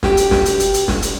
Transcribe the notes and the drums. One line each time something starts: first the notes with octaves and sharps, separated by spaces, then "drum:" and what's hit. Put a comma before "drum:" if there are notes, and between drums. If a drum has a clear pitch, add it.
B2 G4 G5, drum: snare
drum: hi-hat
drum: snare
drum: hi-hat
drum: hi-hat
drum: hi-hat
drum: snare
drum: hi-hat